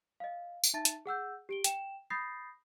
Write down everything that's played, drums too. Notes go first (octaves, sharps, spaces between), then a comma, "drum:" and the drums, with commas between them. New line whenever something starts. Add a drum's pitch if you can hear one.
D#5 F5
drum: tambourine
D#4 E5 A5 A6
drum: hi-hat
G#4 F#5 E6 G6
G4 D7 G7
G5 E7, drum: hi-hat
B5 D#6 G6 A6 A#6 C7